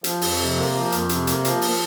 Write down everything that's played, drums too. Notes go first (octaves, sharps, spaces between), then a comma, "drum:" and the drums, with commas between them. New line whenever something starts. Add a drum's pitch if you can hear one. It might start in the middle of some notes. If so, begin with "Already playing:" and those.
F3, drum: hi-hat
F2, drum: open hi-hat
C3
A#3
F3
F2, drum: hi-hat
C3, drum: hi-hat
A#3, drum: hi-hat
F3, drum: hi-hat
drum: open hi-hat